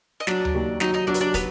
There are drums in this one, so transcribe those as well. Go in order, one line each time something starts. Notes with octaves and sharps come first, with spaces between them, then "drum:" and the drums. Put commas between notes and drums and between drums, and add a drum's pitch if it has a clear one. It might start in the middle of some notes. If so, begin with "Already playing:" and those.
D#5
F#3 D4 D5, drum: snare
drum: tom D2
D#2
F#3 D#4 D#5, drum: snare
D#4 D#5
F#3 D4 D5
B4, drum: hi-hat
D4 D5
B3 B4, drum: kick, hi-hat